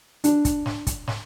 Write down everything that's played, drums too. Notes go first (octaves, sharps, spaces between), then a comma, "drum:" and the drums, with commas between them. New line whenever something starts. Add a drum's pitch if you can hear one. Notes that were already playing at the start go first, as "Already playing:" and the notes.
D4, drum: hi-hat
drum: kick, hi-hat
drum: snare
drum: kick, hi-hat
drum: snare